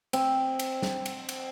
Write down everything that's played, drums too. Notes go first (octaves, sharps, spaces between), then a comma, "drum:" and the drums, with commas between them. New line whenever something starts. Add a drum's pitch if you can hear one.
C4, drum: cymbal
drum: cymbal
drum: snare
drum: cymbal
drum: cymbal